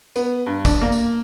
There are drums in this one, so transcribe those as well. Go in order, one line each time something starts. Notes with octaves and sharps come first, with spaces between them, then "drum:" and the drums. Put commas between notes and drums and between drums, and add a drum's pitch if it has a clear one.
B3, drum: tambourine
G2
D4, drum: kick, tambourine
A#3
drum: tambourine